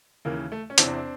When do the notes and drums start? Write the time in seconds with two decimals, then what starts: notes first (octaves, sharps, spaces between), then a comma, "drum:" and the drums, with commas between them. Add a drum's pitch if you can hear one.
0.25 D#2 C#3 E3 A#3
0.52 A3
0.70 C#4
0.78 E2 C3 E3 C4 D4, drum: hi-hat